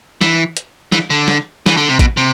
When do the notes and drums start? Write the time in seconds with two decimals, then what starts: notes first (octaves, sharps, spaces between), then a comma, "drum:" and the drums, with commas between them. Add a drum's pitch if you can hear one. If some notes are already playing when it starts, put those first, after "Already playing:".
0.21 E3, drum: snare
0.57 drum: hi-hat
0.92 E3, drum: snare
1.10 D3
1.28 drum: snare
1.66 E3, drum: snare
1.77 D3
1.89 C3
1.99 B2, drum: kick A1, hi-hat
2.17 C3